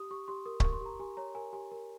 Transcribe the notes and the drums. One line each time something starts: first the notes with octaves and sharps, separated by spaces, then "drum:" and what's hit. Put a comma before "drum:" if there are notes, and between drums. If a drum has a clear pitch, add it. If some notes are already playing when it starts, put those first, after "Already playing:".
Already playing: G4 D#6
G4 C#6
G4 C6
A#4 D#6
A#4 C#6, drum: kick C#1
C6
G4 A#5
G4 G#5
C#5 A#5
A#4 G#5
G4 G#5
A#4